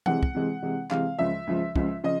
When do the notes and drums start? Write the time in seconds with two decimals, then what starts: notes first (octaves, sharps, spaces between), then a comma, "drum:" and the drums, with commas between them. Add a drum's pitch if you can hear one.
0.06 C3 E3 G#3 F#5, drum: tom E3
0.23 drum: kick
0.35 C3 E3 G#3
0.63 C3 E3 G#3
0.90 C3 E3 G#3 F5, drum: clap
1.19 C#2 C#3 F3 E5
1.47 C#2 C#3 F3
1.76 C#2 C#3 F3, drum: kick
2.04 C#3 F3 D#5